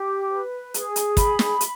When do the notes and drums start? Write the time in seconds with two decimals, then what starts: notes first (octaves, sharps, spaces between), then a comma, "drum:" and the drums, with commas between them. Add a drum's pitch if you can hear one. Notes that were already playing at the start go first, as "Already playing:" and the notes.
Already playing: G4
0.31 B4
0.74 G#4, drum: hi-hat
0.96 drum: hi-hat
1.17 B5, drum: kick, hi-hat
1.39 drum: snare
1.61 drum: hi-hat